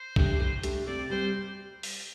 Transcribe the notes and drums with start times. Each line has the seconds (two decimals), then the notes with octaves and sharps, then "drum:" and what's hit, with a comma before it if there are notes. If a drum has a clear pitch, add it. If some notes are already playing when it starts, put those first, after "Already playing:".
Already playing: C5
0.16 A3 D4 G4, drum: kick B1
0.40 A2
0.63 A3 D4 G4, drum: hi-hat
0.87 C3 D5
1.10 G3 C4 C5
1.83 drum: open hi-hat